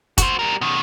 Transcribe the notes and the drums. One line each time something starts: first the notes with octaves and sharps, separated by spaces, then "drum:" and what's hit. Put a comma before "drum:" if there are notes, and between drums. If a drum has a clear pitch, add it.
F#4 C5, drum: kick, hi-hat
G3 A#4
B2 D#3